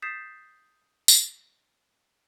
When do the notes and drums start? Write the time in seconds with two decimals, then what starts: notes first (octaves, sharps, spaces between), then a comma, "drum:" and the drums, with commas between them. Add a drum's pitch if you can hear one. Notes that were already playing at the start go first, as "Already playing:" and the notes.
0.02 D#6 G6 A6 B6 C7 E7
1.08 drum: tambourine